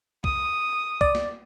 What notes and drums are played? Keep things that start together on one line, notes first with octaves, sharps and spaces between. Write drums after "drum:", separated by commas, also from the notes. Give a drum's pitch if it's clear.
D#6, drum: kick C2
D5, drum: kick C2
drum: snare